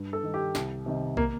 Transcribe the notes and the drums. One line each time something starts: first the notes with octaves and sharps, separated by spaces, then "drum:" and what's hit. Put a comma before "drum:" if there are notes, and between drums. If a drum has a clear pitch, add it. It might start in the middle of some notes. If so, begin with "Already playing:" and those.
Already playing: G2
A4
D#3
G4
C2, drum: snare
C3 D#3
A#3, drum: kick